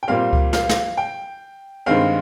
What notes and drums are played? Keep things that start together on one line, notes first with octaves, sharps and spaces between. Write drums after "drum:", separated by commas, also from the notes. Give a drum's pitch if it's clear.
G5
A#2 G3 C4 F5
drum: kick C#2
F5, drum: snare
drum: snare
G5
G2 D#3 G#3 C4 F5